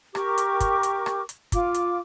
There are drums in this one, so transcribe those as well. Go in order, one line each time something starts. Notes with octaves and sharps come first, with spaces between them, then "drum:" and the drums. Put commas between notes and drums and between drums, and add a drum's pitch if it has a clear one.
G4 A#4 C#6 D6, drum: rim click
drum: hi-hat
drum: kick, hi-hat
drum: hi-hat
drum: rim click
drum: hi-hat
F4 D6, drum: kick, hi-hat
drum: hi-hat